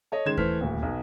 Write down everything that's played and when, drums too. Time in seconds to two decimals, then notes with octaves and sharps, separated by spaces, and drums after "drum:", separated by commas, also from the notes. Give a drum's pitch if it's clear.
0.12 A4 C#5 D#5
0.25 D#3 G#3 C#4 C6 G#6 E7
0.37 E3 A3 C5 F6 B6, drum: kick D#2
0.61 D#1 D2
0.82 B1 B2